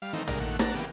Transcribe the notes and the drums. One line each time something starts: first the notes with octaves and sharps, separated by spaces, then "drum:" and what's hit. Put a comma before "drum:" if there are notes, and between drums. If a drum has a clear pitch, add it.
G3 F5
D#3 E3 A3 C4 D#4
G3 G#3 A#3 D4 A#4, drum: tom A#1
A#2 D#3 A3 F#5
D4 F#5 A5 A#5, drum: snare
C#3 E3 A#3 B3 G4